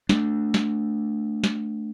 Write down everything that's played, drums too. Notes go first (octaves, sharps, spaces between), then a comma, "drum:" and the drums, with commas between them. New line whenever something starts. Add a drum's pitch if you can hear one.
A3 D4, drum: snare
drum: snare
drum: snare